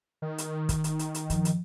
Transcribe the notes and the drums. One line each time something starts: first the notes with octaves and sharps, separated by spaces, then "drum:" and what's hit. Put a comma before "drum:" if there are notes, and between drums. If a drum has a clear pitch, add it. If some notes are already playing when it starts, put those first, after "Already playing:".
D#3
drum: hi-hat
drum: kick, hi-hat
drum: hi-hat
drum: hi-hat
drum: hi-hat
G2 F3, drum: hi-hat
drum: hi-hat